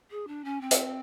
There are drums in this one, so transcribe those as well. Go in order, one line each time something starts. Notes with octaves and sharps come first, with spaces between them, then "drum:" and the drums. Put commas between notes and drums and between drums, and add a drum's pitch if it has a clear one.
G#4
D4
C#4
C4
drum: hi-hat